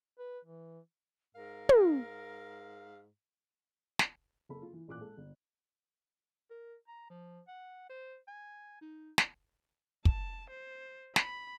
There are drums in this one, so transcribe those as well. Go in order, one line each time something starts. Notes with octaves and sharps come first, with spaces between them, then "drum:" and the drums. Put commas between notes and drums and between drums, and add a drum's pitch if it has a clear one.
B4
E3
G#2 A#4 F5
drum: tom
drum: snare
F#1 A#3 A4 B5
F4
E3
A1 A#2 D6 F#6
G#3 A4
G1
A#4
A#5
F3
F#5
C5
G#5
D#4
drum: snare
A5, drum: kick
C5
B5, drum: snare